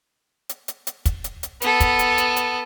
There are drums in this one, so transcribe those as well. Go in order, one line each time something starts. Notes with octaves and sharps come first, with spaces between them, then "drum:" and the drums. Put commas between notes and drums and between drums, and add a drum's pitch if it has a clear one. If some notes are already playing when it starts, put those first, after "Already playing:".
drum: hi-hat
drum: hi-hat
drum: hi-hat
drum: kick, hi-hat
drum: hi-hat
drum: hi-hat
B3 A4, drum: hi-hat
drum: kick, hi-hat
drum: hi-hat
drum: hi-hat
drum: hi-hat